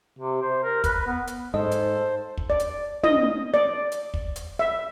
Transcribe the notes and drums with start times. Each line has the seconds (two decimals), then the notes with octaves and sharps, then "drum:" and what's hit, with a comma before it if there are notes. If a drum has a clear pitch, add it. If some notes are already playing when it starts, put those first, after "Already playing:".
0.19 C3
0.42 C5
0.63 A#4
0.84 B4, drum: kick, hi-hat
1.07 B3
1.27 drum: hi-hat
1.54 G#2 A4 C5 D#5
1.71 drum: hi-hat
2.37 drum: kick
2.50 D5
2.59 drum: hi-hat
3.04 D#5, drum: tom
3.54 D5
3.92 drum: hi-hat
4.14 drum: kick
4.36 drum: hi-hat
4.59 E5